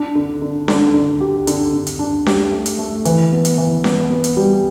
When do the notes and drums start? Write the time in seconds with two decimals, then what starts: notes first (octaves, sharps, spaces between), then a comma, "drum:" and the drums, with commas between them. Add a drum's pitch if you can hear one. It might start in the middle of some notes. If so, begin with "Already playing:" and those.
Already playing: D4
0.15 D3
0.42 D3
0.68 D3, drum: snare C#4
0.94 D3
1.20 G4
1.47 D3, drum: hi-hat
1.73 D3
1.87 drum: hi-hat
1.99 D4
2.26 G4, drum: snare C#4
2.52 A3
2.66 drum: hi-hat
2.79 A3
3.05 E3, drum: hi-hat
3.32 B3
3.45 drum: hi-hat
3.58 E3
3.84 B3, drum: snare C#4
4.10 B3
4.24 drum: hi-hat
4.37 G3